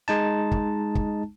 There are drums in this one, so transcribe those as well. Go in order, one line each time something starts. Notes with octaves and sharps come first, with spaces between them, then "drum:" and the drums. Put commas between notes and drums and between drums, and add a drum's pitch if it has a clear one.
G#3 D#4 A5
drum: kick
drum: kick